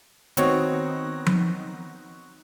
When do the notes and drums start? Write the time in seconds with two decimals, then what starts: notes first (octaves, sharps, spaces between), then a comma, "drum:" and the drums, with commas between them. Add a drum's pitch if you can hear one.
0.37 D#3 B3 C4 D#4 F#4 C#5, drum: hi-hat
1.26 drum: tom F3